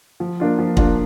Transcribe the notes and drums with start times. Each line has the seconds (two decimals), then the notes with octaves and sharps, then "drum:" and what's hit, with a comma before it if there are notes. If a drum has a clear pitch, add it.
0.20 F3
0.40 A#3 D4 F4
0.59 F3
0.77 A#3 D4 F4, drum: kick